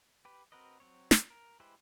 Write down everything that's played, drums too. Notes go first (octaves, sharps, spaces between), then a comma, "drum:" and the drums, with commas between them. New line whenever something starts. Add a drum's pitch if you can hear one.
G4 B4
C4 F#4 A#4 B4 D#5
F#3 C4 C#5
drum: snare
A#4
G#3 E4 G4 B4 C5